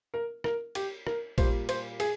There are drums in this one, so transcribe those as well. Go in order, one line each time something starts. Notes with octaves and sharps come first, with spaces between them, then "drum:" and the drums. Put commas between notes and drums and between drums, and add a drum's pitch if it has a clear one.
A#4
A#4, drum: rim click
G4, drum: cymbal
A#4, drum: rim click
A#2 G3 A#3 C5, drum: kick, cymbal
C5, drum: cymbal
G#4, drum: cymbal